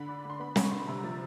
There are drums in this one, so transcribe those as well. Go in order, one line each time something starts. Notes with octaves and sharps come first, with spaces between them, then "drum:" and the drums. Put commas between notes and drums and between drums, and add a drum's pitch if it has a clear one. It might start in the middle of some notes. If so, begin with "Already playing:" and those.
Already playing: D3 B5
D4
D3 C6
B3 B5
D3, drum: snare
C#6
D3 C6
B5
C3 A#5
F3